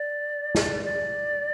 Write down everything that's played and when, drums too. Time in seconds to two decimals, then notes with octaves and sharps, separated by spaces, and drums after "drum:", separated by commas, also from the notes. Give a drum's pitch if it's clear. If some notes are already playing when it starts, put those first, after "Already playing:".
Already playing: D5
0.55 drum: snare
0.85 D5